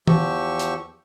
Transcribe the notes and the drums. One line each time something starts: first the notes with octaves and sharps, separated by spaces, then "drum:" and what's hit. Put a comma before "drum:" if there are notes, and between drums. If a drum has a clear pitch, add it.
E2 F3 G4 C#6 E6, drum: tom E3
drum: hi-hat